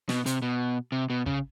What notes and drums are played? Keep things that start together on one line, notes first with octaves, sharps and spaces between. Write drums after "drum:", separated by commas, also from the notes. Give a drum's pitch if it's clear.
B2, drum: snare
C3, drum: hi-hat
B2
C3
B2
C#3, drum: kick